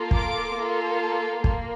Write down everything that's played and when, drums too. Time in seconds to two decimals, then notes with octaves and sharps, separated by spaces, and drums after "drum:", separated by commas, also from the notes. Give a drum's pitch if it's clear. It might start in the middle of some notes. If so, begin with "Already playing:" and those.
Already playing: A#3 F4 A4
0.11 D6, drum: kick
0.55 A#3 F4 A4
1.44 A#3, drum: kick